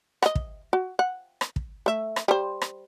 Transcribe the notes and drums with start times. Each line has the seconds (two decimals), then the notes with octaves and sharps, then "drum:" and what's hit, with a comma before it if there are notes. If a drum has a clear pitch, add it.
0.22 D#5 F#5, drum: rim click
0.35 drum: kick
0.73 F#4
0.99 F#5
1.41 drum: rim click
1.56 drum: kick
1.86 A3 E5
2.16 drum: rim click
2.28 G3 C5
2.61 drum: rim click